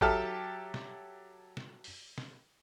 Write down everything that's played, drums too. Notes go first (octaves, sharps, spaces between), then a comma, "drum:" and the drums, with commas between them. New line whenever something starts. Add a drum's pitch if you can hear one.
F#3 G4 A4 E5 A5 F6, drum: kick
drum: snare
drum: snare
drum: open hi-hat
drum: snare